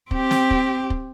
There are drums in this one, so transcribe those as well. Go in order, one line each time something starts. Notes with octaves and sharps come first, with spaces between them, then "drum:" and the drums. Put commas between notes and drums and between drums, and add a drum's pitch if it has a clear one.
C4 G4, drum: kick
drum: snare
drum: kick
drum: kick